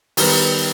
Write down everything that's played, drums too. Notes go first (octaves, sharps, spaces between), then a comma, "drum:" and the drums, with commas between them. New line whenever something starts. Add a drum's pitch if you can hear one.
D#3 G3 B3, drum: open hi-hat